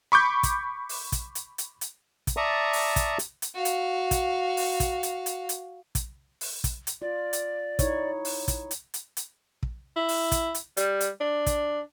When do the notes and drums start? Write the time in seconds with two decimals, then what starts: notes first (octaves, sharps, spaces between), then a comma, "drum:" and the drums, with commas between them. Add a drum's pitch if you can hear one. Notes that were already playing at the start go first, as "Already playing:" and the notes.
0.12 B5 C#6 D6 G6
0.43 drum: kick, hi-hat
0.89 drum: open hi-hat
1.12 drum: kick, hi-hat
1.35 drum: hi-hat
1.58 drum: hi-hat
1.81 drum: hi-hat
2.27 drum: kick, hi-hat
2.37 D5 E5 A5 A#5 C#6 D#6
2.73 drum: open hi-hat
2.96 drum: kick, hi-hat
3.19 drum: hi-hat
3.42 drum: hi-hat
3.54 F#4 F5
3.65 drum: hi-hat
4.11 drum: kick, hi-hat
4.57 drum: open hi-hat
4.80 drum: kick, hi-hat
5.03 drum: hi-hat
5.26 drum: hi-hat
5.49 drum: hi-hat
5.95 drum: kick, hi-hat
6.41 drum: open hi-hat
6.64 drum: kick, hi-hat
6.87 drum: hi-hat
7.02 F4 D5
7.33 drum: hi-hat
7.79 D#4 E4 C#5, drum: kick, hi-hat
8.25 drum: open hi-hat
8.48 drum: kick, hi-hat
8.71 drum: hi-hat
8.94 drum: hi-hat
9.17 drum: hi-hat
9.63 drum: kick
9.97 E4
10.09 drum: open hi-hat
10.32 drum: kick, hi-hat
10.55 drum: hi-hat
10.77 G3, drum: hi-hat
11.00 drum: hi-hat
11.21 D4
11.46 drum: kick, hi-hat